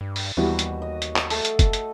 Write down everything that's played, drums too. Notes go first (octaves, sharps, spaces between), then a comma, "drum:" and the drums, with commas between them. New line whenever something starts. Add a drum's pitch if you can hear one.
G2
drum: open hi-hat
D#2 E3 G3 B3 F#4
drum: hi-hat
D#5
drum: hi-hat
drum: clap
A3 A4, drum: open hi-hat
drum: hi-hat
drum: kick, hi-hat
drum: hi-hat